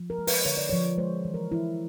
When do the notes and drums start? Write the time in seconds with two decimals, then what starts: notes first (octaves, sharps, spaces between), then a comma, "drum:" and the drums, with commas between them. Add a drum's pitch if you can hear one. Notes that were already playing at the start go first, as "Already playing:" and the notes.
Already playing: F3
0.10 A#4
0.18 G#3
0.27 B4, drum: open hi-hat
0.45 D3 C#5
0.57 D5
0.69 F3 C#5
0.98 G#3 C5
1.25 E3
1.34 A#4
1.52 E3 E4